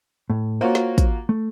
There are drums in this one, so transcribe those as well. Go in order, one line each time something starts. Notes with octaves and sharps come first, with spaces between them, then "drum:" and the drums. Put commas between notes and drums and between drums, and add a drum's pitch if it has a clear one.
A2
A#3 F4 F#4 C5 C#5
drum: snare
drum: kick, hi-hat
A3